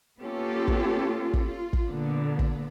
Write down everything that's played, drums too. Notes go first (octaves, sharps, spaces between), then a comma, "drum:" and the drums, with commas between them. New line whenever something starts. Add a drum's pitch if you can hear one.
A#3 B3 C#4 F4 G4 A4
drum: kick
drum: kick
F4
drum: kick
A#2 D3 B3
drum: kick